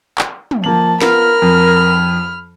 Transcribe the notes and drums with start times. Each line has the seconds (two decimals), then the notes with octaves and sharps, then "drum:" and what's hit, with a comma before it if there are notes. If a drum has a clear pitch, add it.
0.18 drum: clap
0.51 drum: tom
0.64 F3 A#3 A5 F#7
1.01 B3 F4 A#4 B5 F6, drum: snare
1.42 F2